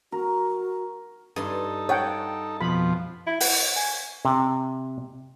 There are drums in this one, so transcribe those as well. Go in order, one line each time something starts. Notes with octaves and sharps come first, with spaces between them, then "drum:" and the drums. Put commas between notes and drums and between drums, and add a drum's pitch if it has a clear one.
F#4 A#4
G2 D#4 A4 C6
F4 C#5 F#5 G5
F2 B2 F3 B5
E4
F#5, drum: open hi-hat
G#5
C3